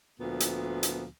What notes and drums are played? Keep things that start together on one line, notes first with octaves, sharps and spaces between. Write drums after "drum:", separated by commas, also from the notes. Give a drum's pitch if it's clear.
D2 A#2 F3 B3
drum: hi-hat
drum: hi-hat